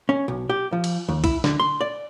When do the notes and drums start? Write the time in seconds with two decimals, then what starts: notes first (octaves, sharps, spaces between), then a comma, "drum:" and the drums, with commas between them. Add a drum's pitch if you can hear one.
0.09 C#4
0.28 B1
0.50 G4
0.72 F3
0.84 drum: cymbal
1.09 D#2
1.24 E4, drum: kick, cymbal
1.44 D3, drum: snare
1.60 C6
1.81 D5